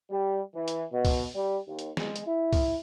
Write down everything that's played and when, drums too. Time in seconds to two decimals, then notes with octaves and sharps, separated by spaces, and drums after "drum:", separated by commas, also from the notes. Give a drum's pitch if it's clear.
0.10 G3
0.54 E3
0.68 drum: hi-hat
0.91 B2
1.05 drum: kick, open hi-hat
1.35 G3
1.67 D#2
1.79 drum: hi-hat
1.97 G#3, drum: snare
2.16 drum: hi-hat
2.27 E4
2.53 drum: kick, open hi-hat